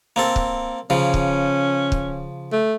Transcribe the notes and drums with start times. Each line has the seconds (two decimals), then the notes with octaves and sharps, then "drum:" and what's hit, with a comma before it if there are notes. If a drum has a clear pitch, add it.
0.16 A#3 C4 A4
0.36 drum: kick
0.90 C#3 F3 C#4
1.14 drum: kick
1.92 drum: kick
2.52 A3